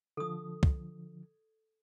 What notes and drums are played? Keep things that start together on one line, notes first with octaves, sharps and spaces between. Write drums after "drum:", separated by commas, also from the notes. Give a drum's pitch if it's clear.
D3 F3 A4 D#6
drum: kick